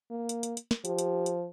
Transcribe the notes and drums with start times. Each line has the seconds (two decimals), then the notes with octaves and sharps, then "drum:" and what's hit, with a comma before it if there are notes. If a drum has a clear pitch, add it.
0.11 A#3
0.29 drum: hi-hat
0.43 drum: hi-hat
0.57 drum: hi-hat
0.71 drum: snare
0.85 F3 G4, drum: hi-hat
0.99 drum: hi-hat
1.26 drum: hi-hat